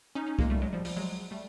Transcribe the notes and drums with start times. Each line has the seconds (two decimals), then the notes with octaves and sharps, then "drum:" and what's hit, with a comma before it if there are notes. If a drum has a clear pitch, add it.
0.15 C#4 D#4
0.27 C#4 D#4
0.39 G#3 A#3, drum: kick C2
0.50 G3 A3
0.62 F#3 G#3
0.73 F3 G3
0.85 F3 G3, drum: open hi-hat
0.97 F#3 G#3
1.31 G3 A3